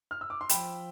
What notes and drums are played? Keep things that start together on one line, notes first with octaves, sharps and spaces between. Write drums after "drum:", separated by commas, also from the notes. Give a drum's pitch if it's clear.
F6
E6
D6
C6
F3 G5 B5, drum: hi-hat